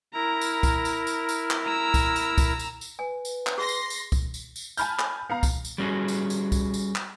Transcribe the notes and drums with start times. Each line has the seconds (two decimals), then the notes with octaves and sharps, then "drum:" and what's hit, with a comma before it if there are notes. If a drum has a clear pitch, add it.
0.14 E4 A#4 A#5
0.41 drum: tambourine
0.63 drum: kick, tambourine
0.85 drum: tambourine
1.07 drum: tambourine
1.29 drum: tambourine
1.50 drum: clap
1.64 A#5 E6
1.94 drum: kick, tambourine
2.16 drum: tambourine
2.38 drum: kick, tambourine
2.59 drum: tambourine
2.81 drum: tambourine
2.99 B4 G#5
3.25 drum: tambourine
3.47 drum: clap
3.58 G#4 C6 A#6
3.68 drum: tambourine
3.90 drum: tambourine
4.12 drum: kick, tambourine
4.34 drum: tambourine
4.56 drum: tambourine
4.77 G#5 A5 B5 F6 G6, drum: tambourine
4.99 drum: clap
5.30 B3 F5 A#5
5.43 drum: kick, tambourine
5.65 drum: tambourine
5.78 G3 C#4 F#4 G#4
6.08 drum: tambourine
6.30 drum: tambourine
6.52 drum: kick, tambourine
6.74 drum: tambourine
6.95 drum: clap